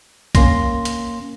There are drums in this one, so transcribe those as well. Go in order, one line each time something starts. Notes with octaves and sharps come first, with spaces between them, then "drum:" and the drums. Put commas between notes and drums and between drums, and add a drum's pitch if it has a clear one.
A#3 C#4 C6 A#6, drum: kick B1, hi-hat
drum: hi-hat